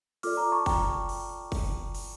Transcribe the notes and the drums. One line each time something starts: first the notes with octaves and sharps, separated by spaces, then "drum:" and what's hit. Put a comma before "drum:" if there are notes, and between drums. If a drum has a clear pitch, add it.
F4 A4 D5 D6 F6, drum: open hi-hat
A#5 D6
A5 C#6
G5 A#5, drum: kick, open hi-hat
drum: open hi-hat
drum: kick, open hi-hat
drum: open hi-hat